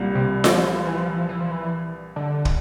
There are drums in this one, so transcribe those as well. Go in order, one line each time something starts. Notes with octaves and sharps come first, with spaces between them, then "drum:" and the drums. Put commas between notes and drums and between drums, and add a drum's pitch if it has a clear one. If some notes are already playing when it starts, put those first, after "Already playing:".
Already playing: C2 A#2 G3
C3
E3, drum: snare F4
F3
E3
F3
E3
F3
E3
F3
E3
F3
E3
D3
drum: kick